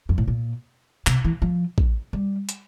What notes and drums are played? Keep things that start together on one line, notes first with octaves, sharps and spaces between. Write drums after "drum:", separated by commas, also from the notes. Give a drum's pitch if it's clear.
F2
A2
A#2
C3, drum: clap
E3
F3
drum: kick
G3
drum: hi-hat